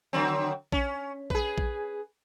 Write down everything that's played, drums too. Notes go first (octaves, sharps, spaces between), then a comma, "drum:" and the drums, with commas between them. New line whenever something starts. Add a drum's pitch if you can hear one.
D3 F#3 C4
C#4, drum: kick A#1
G#4 B4, drum: kick A#1
drum: kick A#1